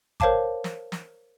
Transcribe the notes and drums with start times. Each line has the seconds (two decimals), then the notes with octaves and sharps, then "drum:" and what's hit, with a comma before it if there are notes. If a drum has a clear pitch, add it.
0.20 A#4 C5 C#5 F5 A5 D6, drum: kick
0.64 drum: snare
0.92 drum: snare